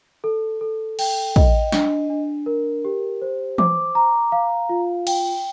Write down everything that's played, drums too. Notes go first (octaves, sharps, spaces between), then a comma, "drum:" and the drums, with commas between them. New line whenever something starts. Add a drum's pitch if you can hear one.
A4
A4
G5, drum: cymbal
D#5, drum: kick
D4, drum: snare
D4
A#4
G4
C5
D6, drum: tom E3
A#5
F5
F4
G5, drum: cymbal